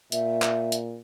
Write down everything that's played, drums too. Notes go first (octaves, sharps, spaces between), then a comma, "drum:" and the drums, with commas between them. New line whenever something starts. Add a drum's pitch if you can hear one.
A#2 E5, drum: hi-hat
drum: clap
drum: hi-hat